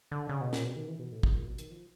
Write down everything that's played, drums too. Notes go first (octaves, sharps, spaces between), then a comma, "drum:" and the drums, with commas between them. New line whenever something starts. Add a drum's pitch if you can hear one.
D3
C#3
B2
A#2, drum: snare
B2
D#3
E3
B2
A2
G#2, drum: kick
A#2
B2
D#3, drum: hi-hat
F3